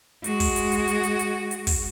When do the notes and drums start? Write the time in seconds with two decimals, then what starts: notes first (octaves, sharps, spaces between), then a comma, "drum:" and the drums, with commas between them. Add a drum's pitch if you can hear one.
0.24 G#3 F#4, drum: hi-hat
0.40 drum: kick, open hi-hat
0.56 drum: hi-hat
0.72 drum: hi-hat
0.88 drum: hi-hat
1.03 drum: hi-hat
1.19 drum: hi-hat
1.51 drum: hi-hat
1.67 drum: kick, open hi-hat